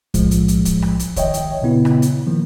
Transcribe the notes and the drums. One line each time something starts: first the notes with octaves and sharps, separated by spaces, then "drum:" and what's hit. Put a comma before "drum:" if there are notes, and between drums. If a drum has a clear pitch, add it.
B1 A2 F3 G#3, drum: kick, hi-hat
drum: hi-hat
drum: hi-hat
drum: kick, hi-hat
drum: rim click
drum: hi-hat
A1 D#3 C#5 D#5 E5 G5, drum: kick, hi-hat
drum: hi-hat
A#2 C#3 B3 E4
drum: rim click
drum: hi-hat
D#3 F3 A#3